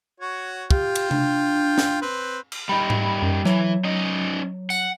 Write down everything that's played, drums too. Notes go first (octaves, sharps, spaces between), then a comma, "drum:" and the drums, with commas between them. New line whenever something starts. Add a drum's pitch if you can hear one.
F#4 C#5
F4 G4 G5, drum: kick
drum: cymbal
D4, drum: tom C3
drum: snare
C4 B4
drum: cymbal
G3 D#4 B5
drum: tom G#2
F#2
E3 F#3, drum: rim click
C#4 D#4 D#5
F#5, drum: tambourine